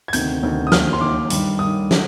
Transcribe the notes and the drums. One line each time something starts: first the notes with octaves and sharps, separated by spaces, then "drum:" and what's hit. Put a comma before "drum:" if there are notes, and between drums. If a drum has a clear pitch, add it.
G#6
D2 C3 D#3 G6, drum: hi-hat
D2 C3 D#3
D#6
D#2 D#3 F6, drum: snare
C6
D#2 D#3 D6
G2 D#3, drum: hi-hat
G2 D#3 D#6
D3, drum: snare